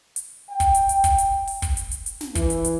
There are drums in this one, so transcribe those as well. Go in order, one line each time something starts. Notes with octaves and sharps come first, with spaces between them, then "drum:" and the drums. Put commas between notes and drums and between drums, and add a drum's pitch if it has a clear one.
drum: hi-hat
G5
drum: kick, hi-hat
drum: hi-hat
drum: hi-hat
drum: kick, hi-hat
drum: hi-hat
drum: open hi-hat
drum: kick, hi-hat
drum: hi-hat
drum: hi-hat
drum: hi-hat
drum: snare
E3, drum: kick, hi-hat
drum: hi-hat
drum: hi-hat